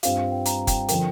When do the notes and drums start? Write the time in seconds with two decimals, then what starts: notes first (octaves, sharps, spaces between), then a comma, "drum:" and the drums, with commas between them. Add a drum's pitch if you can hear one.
0.03 G2 G3 C4 F4 F5, drum: hi-hat
0.18 F5
0.31 G5
0.46 A#5, drum: hi-hat
0.67 G5, drum: kick, hi-hat
0.89 D3 F3 D4 A#4 G5, drum: hi-hat